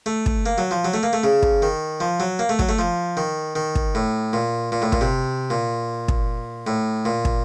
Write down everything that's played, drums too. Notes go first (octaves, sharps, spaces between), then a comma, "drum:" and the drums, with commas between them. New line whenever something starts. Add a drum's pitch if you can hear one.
A3
drum: kick
A#3
F#3
F3
F#3
A3
A#3
A3
C#3
drum: kick
D#3
F3
F#3
A#3
A3
F#3, drum: kick
A3
F3
D#3
D#3
drum: kick
A2
A#2
A#2
A2
A#2, drum: kick
C3
A#2
drum: kick
A2
A#2
drum: kick